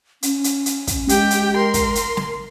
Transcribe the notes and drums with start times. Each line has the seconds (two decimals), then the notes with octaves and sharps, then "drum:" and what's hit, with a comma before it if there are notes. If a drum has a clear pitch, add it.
0.23 C#4, drum: hi-hat
0.44 drum: hi-hat
0.66 drum: hi-hat
0.87 drum: kick, hi-hat
1.09 G#3 G4 G5, drum: hi-hat
1.31 drum: hi-hat
1.57 A#4 C6
1.74 drum: kick, hi-hat
1.95 drum: hi-hat
2.17 drum: snare